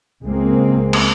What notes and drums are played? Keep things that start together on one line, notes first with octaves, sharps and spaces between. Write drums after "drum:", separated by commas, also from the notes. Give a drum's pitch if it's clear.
C#2 G#3 A#3 C4
drum: cymbal